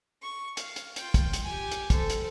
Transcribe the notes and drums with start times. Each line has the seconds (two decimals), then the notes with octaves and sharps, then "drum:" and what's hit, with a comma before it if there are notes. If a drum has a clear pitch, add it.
0.22 C#6
0.57 F5, drum: hi-hat
0.76 drum: hi-hat
0.96 F4 G5, drum: hi-hat
1.14 drum: kick, hi-hat
1.33 drum: hi-hat
1.43 G4 G#5
1.72 drum: hi-hat
1.90 A4 C5, drum: kick, hi-hat
2.10 drum: hi-hat